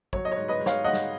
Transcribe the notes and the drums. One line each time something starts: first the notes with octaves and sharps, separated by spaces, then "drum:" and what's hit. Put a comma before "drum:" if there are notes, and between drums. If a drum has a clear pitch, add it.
F#3 C#5, drum: kick
D#5
G#2 C#5
B4 D#5
G#2
C#5 F5, drum: snare
G#2 D#5 F#5
drum: snare